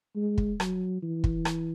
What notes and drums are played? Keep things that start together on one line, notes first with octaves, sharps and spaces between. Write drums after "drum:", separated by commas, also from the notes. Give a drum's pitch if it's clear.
G#3
drum: kick
F#3, drum: rim click
E3
drum: kick
drum: rim click